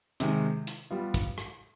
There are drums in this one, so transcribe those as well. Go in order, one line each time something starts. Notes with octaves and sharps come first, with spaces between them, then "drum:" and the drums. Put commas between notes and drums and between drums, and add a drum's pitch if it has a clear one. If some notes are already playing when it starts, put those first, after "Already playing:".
C3 D#3 G#3, drum: hi-hat
drum: hi-hat
G3 B3 F4
drum: kick, hi-hat
drum: rim click